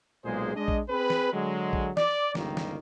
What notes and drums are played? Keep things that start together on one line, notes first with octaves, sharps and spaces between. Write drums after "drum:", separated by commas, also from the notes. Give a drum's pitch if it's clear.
B1 A#2 G#3 G#4 C5
G#3 D4 D#5
drum: kick A#1
C4 G#4 B4
drum: snare
D3 F#3 G#3
drum: kick A#1
D5, drum: snare
G1 C#2 D#3 G3 A#3, drum: snare
drum: snare